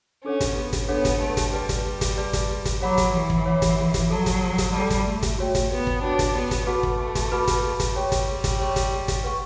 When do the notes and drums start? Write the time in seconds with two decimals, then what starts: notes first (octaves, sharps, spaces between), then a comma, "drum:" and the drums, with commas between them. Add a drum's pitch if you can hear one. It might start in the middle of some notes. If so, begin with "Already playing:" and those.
0.24 C#4 D4 A4 C#5 F#5
0.40 drum: kick, hi-hat
0.56 B3
0.73 drum: kick, hi-hat
0.88 B3 D4 A4 C#5 F#5
1.05 drum: kick, hi-hat
1.21 A3
1.37 drum: kick, hi-hat
1.53 G3 B4 D5 A5
1.69 drum: kick, hi-hat
2.01 drum: kick, hi-hat
2.17 B4 D5 A5
2.33 drum: kick, hi-hat
2.65 drum: kick, hi-hat
2.81 F#3 C#5 F#5 B5 D6
2.98 drum: kick, hi-hat
3.13 E3
3.30 drum: kick
3.46 C#5 F#5 B5 D6
3.62 drum: kick, hi-hat
3.94 drum: kick, hi-hat
4.10 F#3 A4 D5 A5
4.26 drum: kick, hi-hat
4.58 drum: kick, hi-hat
4.74 G3 A4 D5 A5
4.90 drum: kick, hi-hat
5.06 A3
5.22 drum: kick, hi-hat
5.39 F#4 C#5 G5
5.55 drum: kick, hi-hat
5.71 B3
5.87 drum: kick
6.03 D4 F#4 C#5 G5
6.19 drum: kick, hi-hat
6.35 B3
6.51 drum: kick, hi-hat
6.67 A3 F#4 B4 F#5 B5 D6
6.83 drum: kick
7.15 drum: kick, hi-hat
7.32 F#4 B4 F#5 B5 D6
7.47 drum: kick, hi-hat
7.80 drum: kick, hi-hat
7.96 G3 C#5 G5 C#6
8.12 drum: kick, hi-hat
8.44 drum: kick, hi-hat
8.60 C#5 G5 C#6
8.76 drum: kick, hi-hat
9.08 drum: kick, hi-hat
9.24 B4 F#5 C#6